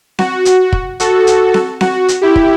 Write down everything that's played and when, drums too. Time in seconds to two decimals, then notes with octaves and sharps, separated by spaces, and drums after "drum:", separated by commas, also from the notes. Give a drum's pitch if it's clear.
0.19 F#4, drum: snare C4
0.45 drum: hi-hat
0.72 drum: kick
1.00 F#4 A4, drum: hi-hat
1.27 drum: hi-hat
1.54 drum: snare C4
1.81 F#4, drum: snare C4
2.08 drum: hi-hat
2.21 E4 G4
2.36 drum: kick